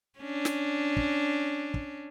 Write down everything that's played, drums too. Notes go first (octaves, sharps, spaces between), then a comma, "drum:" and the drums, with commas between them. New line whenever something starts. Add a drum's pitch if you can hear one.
C#4 D4
drum: snare
drum: kick
drum: kick